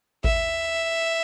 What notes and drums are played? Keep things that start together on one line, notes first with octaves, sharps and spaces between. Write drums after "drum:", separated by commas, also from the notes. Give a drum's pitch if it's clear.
E5, drum: kick G#1